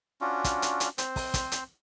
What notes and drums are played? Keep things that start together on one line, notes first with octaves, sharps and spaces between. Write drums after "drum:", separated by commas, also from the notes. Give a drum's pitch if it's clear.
C#4 D4 F4 F#4
drum: kick, hi-hat
drum: hi-hat
drum: hi-hat
C4 C5, drum: hi-hat
drum: kick, open hi-hat
drum: kick, hi-hat
drum: hi-hat